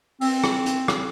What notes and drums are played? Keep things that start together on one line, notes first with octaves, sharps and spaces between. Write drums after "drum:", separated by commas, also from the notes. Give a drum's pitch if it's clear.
C4, drum: open hi-hat
drum: rim click
drum: hi-hat
drum: rim click